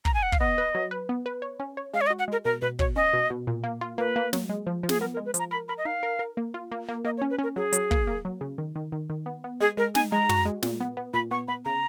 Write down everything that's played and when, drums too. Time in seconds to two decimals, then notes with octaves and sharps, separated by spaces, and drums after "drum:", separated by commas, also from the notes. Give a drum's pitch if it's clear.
0.05 A#5, drum: kick
0.14 G#5
0.23 F#5
0.32 F5, drum: kick
0.40 B3 D#5
0.58 B4
0.75 F#3
0.91 B4
1.09 B3
1.26 B4
1.42 C#5
1.60 C#4
1.77 C#5
1.94 G#3 F5
2.01 C#5
2.07 D#5
2.10 F#4
2.19 F#5
2.28 G#3 A#4
2.45 B2 A#4
2.62 B2 B4
2.79 B2 C#5, drum: kick
2.96 C#4 D#5
3.13 B2
3.30 B2
3.47 A#2
3.64 A#3
3.81 F4
3.98 A#3 B4
4.16 A#3
4.33 F#3, drum: snare
4.49 G#3
4.67 F3
4.83 F3
4.89 G#4, drum: snare
5.01 B3 A#4
5.14 A#4
5.17 G#3
5.26 B4
5.34 F3, drum: hi-hat
5.39 A#5
5.51 A#4 B5
5.68 A#4 B5
5.78 D#5
5.85 D#4 F5
6.03 A#4
6.19 A#4
6.37 A#3
6.54 F4
6.72 A#3
6.89 A#3
7.05 A#3 D#5
7.17 C#5
7.22 C#4
7.30 B4
7.38 C#4 A#4
7.56 F#3 G#4
7.73 F#3, drum: hi-hat
7.91 A#3, drum: kick
8.07 A#3
8.25 F#3
8.41 C#3
8.58 D#3
8.76 D#3
8.92 D#3
9.10 D#3
9.26 B3
9.44 B3
9.61 G#3 G#4
9.77 G#3 A#4
9.95 D#4 G#5, drum: snare
10.12 G#3 A#5
10.29 F#4, drum: tom
10.45 G#3
10.63 A#2, drum: snare
10.81 B3
10.97 B3
11.14 A#2 B5
11.31 B3 C#6
11.48 B3 B5
11.65 C#3 A#5